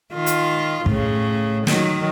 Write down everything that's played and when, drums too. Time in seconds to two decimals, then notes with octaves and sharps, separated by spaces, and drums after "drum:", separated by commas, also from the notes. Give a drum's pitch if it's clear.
0.13 D#3 F4
0.26 drum: hi-hat
0.86 A2 C#3, drum: kick
1.67 D#3 F#3, drum: snare